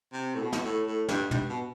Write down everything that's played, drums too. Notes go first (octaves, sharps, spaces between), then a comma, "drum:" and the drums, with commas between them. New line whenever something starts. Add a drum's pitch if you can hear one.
C3
A2
B2
drum: snare
A2
A2
G2, drum: snare
G2, drum: tom
B2